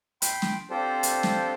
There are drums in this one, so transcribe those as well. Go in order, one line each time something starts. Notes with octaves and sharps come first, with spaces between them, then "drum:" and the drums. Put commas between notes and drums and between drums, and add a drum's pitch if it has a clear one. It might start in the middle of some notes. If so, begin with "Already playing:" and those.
G5 B5 C6, drum: hi-hat
drum: snare
C4 D4 F4 G4 A4 C5
drum: hi-hat
drum: snare